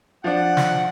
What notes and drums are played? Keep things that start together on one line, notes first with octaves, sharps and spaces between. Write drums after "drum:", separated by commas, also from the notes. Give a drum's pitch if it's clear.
F3 D4 F#5
drum: snare